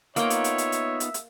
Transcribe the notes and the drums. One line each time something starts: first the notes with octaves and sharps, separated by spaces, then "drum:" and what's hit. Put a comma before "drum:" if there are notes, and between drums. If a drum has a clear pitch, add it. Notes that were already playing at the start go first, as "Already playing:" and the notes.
A#3 B3 D#4 F4 C#5 E5 G5, drum: hi-hat
drum: hi-hat
drum: hi-hat
drum: hi-hat
drum: hi-hat
drum: hi-hat
drum: hi-hat